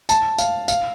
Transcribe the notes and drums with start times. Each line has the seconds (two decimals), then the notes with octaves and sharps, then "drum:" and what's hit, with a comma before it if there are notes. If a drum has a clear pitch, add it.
0.09 A5, drum: tambourine
0.38 F5, drum: tambourine
0.68 F5, drum: tambourine